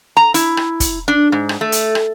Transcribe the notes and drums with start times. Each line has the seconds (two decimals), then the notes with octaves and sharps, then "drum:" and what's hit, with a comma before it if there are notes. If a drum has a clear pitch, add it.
0.17 A#5
0.34 E4, drum: hi-hat
0.57 drum: rim click
0.80 drum: kick, hi-hat
1.08 D4
1.32 G#2
1.49 drum: rim click
1.61 A3
1.72 drum: hi-hat
1.95 drum: rim click